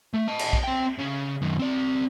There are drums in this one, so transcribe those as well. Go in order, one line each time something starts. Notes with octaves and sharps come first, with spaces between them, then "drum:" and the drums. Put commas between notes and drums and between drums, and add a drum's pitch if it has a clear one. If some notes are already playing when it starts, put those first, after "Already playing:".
A3
D#5 A5
drum: cymbal
drum: kick A#1
C4 G5
C#3
F#2 D#3
C4 D5